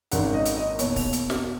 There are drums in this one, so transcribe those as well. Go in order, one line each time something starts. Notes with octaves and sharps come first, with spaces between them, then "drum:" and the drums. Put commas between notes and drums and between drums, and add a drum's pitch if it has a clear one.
G#1 F#2 D#3 F#5, drum: hi-hat
D#5
drum: hi-hat
D#5
E2 B2 A#3 C#5, drum: hi-hat
drum: kick, open hi-hat
drum: hi-hat
drum: snare